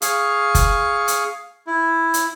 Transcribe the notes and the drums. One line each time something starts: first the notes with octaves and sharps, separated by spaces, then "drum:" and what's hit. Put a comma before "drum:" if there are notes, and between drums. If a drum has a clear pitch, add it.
G#4 F5 C#6, drum: hi-hat
drum: kick F#1, hi-hat
drum: hi-hat
E4
drum: hi-hat